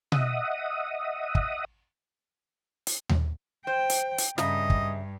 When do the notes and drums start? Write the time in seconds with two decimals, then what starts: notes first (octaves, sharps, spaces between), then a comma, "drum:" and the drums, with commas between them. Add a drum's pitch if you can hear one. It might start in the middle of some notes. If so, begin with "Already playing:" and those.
0.12 D#5 E5 F#5 D#6, drum: tom B2
1.35 drum: kick
2.87 drum: hi-hat
3.09 drum: tom D#2
3.67 C5 G5
3.90 drum: hi-hat
4.18 drum: hi-hat
4.38 G2 C#3 D#5 E5 A#5, drum: snare
4.70 drum: kick